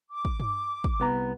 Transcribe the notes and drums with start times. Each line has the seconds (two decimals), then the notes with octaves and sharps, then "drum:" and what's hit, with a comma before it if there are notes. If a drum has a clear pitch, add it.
0.10 D6
0.25 drum: kick
0.40 drum: tom G2
0.84 drum: kick
1.00 C2 B3 A#5